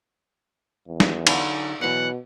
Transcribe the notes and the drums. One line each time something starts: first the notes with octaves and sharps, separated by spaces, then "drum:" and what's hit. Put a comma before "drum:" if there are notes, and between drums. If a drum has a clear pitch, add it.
E2
drum: snare
D3 F#3 D#4, drum: cymbal
B2 E3 F#3 F#5